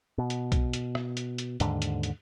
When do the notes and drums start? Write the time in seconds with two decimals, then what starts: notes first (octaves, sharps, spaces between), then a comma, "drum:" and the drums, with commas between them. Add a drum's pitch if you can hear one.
0.18 B2
0.30 drum: hi-hat
0.52 drum: kick, hi-hat
0.73 drum: hi-hat
0.95 drum: rim click
1.17 drum: hi-hat
1.38 drum: hi-hat
1.60 D#2 G#2 D3, drum: hi-hat
1.82 drum: hi-hat
2.03 drum: hi-hat